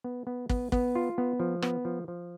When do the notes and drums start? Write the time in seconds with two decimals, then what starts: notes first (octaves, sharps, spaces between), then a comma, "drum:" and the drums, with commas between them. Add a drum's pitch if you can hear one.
0.04 B3
0.27 B3
0.49 B3, drum: kick
0.72 B3, drum: kick
0.95 F4
1.18 B3
1.40 F3
1.62 B3, drum: rim click
1.85 F3
2.08 F3